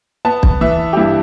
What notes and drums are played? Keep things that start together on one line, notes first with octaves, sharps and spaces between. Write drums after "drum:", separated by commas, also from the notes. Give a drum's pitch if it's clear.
B3 A5
drum: kick
E3 E5
G4
G2 E4